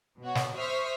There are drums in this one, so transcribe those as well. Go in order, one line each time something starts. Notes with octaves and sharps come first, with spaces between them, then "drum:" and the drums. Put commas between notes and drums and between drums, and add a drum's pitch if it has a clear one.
B2 F#4 C#5
drum: snare
C5 E5 C#6 D#6 F6 B6